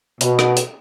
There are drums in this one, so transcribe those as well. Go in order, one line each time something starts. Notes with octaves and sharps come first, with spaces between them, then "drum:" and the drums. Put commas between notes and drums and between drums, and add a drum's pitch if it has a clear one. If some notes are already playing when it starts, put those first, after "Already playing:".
B2, drum: hi-hat
drum: rim click
drum: hi-hat